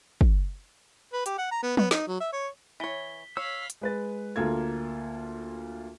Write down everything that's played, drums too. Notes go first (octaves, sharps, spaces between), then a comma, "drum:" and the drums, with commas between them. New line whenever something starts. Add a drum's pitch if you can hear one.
drum: kick
B4
G4, drum: hi-hat
F#5
A#5
B3
B3, drum: tom
D#4, drum: snare
F#3
E5
C#5
E3 C#5 B6 G7
C#5 F5 B5 E6
drum: hi-hat
G#3 B4 A6
D2 A#3 F4 A4 G#6